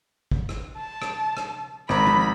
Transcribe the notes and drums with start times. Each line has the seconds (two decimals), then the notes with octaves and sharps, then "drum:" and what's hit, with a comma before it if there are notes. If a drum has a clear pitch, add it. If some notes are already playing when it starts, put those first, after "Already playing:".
0.31 drum: kick
0.49 drum: rim click
0.77 A5
1.02 drum: rim click
1.37 drum: rim click
1.89 G#1 A#5 B5, drum: rim click
2.07 drum: tom F3